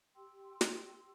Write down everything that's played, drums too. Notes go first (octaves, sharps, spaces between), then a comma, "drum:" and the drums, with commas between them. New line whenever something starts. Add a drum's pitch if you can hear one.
G4 G5 C6 E6
drum: snare